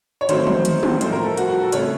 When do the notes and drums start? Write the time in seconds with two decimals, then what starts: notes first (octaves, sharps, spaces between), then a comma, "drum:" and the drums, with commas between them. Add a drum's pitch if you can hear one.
0.21 C#5
0.29 D#3 F#3 A3 C4 C5, drum: hi-hat
0.47 drum: tom
0.65 drum: hi-hat
0.83 drum: tom
1.01 A2 F3 A3 C5, drum: hi-hat
1.12 A#4
1.25 A4
1.37 F#4, drum: hi-hat
1.49 F#4
1.61 A4
1.72 C#3 A3 C4 C#5, drum: hi-hat